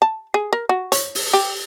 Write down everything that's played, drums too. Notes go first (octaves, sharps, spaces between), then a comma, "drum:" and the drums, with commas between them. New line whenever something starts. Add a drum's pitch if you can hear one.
A5
G#4
A#4
F#4
C#5, drum: hi-hat
drum: open hi-hat
G4